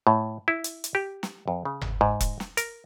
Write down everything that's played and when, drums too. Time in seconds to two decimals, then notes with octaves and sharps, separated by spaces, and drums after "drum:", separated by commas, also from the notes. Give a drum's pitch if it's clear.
0.07 A2
0.48 E4
0.64 drum: hi-hat
0.84 drum: hi-hat
0.95 G4
1.23 drum: snare
1.48 F2
1.65 C#3
1.81 drum: tom G1
2.01 G#2
2.20 drum: kick E1, hi-hat
2.40 drum: snare
2.57 A#4, drum: hi-hat